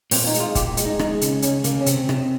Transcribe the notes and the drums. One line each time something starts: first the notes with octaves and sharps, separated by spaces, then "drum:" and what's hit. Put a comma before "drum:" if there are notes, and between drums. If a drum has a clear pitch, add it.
A#2 C4, drum: open hi-hat
D#4
G#3, drum: hi-hat
F4
A#2 G4, drum: kick, hi-hat
G#3, drum: hi-hat
D#4
G#3 D#4, drum: rim click
C#3, drum: hi-hat
C#2 C#4, drum: hi-hat
C#3 A#3, drum: hi-hat
C#4
C3 C4, drum: hi-hat
C3, drum: rim click